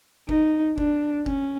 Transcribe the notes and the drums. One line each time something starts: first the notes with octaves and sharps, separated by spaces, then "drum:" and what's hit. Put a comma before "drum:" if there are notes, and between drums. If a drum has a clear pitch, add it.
D#4, drum: kick F#1
D4, drum: kick F#1
C#4, drum: kick F#1